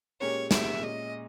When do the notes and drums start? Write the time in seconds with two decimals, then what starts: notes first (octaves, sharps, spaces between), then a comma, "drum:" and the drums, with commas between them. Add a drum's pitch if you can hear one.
0.20 A#2 G#3 C#4 G4 A#4 C#5
0.51 A#2 G#3 C#4 G4 A#4 E5, drum: snare
0.83 A#2 G#3 C#4 D#5